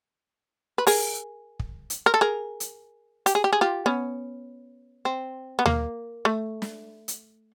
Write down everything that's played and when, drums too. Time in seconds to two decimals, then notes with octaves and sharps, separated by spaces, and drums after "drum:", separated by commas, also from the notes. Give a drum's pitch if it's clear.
0.78 B4
0.87 G#4 A#4, drum: open hi-hat
1.60 drum: kick
1.90 drum: hi-hat
2.06 A#4
2.14 A4
2.21 G#4 A#4
2.60 drum: hi-hat
3.26 G4, drum: hi-hat
3.35 G#4
3.44 G4
3.52 G#4
3.61 F4 G4
3.86 B3 C#4
5.05 C4
5.59 B3
5.66 A#3, drum: tom D2
6.25 A3
6.62 drum: snare
7.08 drum: hi-hat